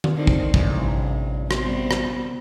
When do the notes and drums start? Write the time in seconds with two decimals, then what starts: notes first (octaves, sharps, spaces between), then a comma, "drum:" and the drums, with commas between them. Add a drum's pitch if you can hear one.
0.04 drum: tom D#3
0.15 D3 D#3 C4
0.27 drum: kick
0.54 A1 G2 C3, drum: kick
1.51 G3 B3 C4, drum: rim click
1.91 drum: rim click